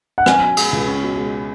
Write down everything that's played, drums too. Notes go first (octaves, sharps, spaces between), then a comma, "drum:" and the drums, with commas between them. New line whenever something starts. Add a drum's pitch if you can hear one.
F#5
C#4 G#5, drum: rim click
B2
G#3, drum: cymbal
C#2
C#4
B2
G#3